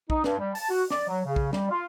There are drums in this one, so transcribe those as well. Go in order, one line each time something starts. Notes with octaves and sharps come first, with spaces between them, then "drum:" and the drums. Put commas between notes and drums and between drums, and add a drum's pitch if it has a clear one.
D#4, drum: kick
G2, drum: snare
G3
A5, drum: open hi-hat
F#4
D5, drum: snare
F#3
C#3
drum: kick
G3, drum: snare
F4